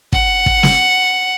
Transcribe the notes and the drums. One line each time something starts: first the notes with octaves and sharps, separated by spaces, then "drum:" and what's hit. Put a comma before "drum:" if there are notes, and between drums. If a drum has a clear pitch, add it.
F#5, drum: kick
drum: kick
drum: snare